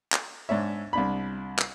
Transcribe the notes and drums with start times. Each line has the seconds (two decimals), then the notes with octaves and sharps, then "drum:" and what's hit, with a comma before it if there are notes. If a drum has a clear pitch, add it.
0.12 drum: clap
0.49 G#2 D4 C#5 E5
0.93 C2 D4 B5
1.59 drum: clap